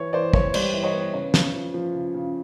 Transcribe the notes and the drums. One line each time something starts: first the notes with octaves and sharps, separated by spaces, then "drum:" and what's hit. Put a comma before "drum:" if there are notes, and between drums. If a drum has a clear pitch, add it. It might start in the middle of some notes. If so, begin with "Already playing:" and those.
Already playing: E3 C#5
E3 C5 D5
B3 C#5, drum: kick
G3 C5 D5, drum: cymbal
E3
C#5 D#5
B3
C#3 C#5
C#3, drum: snare
F3
F3
C#3
C#3